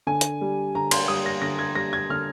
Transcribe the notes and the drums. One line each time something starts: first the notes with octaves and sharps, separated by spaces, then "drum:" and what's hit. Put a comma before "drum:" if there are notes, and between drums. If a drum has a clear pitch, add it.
D3 G#5
drum: hi-hat
G3
D3 A#5
C6, drum: cymbal
G3 D#6
A#6
D3 A#6
G#6
G3 A#6
G#6
D3 F6